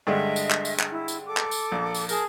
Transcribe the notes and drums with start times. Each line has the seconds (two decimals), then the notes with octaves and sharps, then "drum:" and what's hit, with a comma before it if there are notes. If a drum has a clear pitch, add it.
0.07 G2 D3 G#3 D#5 E5
0.36 drum: tambourine
0.50 drum: clap
0.65 drum: tambourine
0.79 drum: clap
0.90 E4
1.08 drum: tambourine
1.27 A4 D6
1.37 drum: clap
1.51 drum: tambourine
1.72 A#1
1.95 drum: tambourine
2.09 G#4 A#4 A5, drum: tambourine